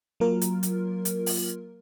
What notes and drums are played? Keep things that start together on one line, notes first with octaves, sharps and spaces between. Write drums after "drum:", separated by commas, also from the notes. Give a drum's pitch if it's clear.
F#3 A#3 F4 A#4
drum: hi-hat
drum: hi-hat
drum: hi-hat
drum: open hi-hat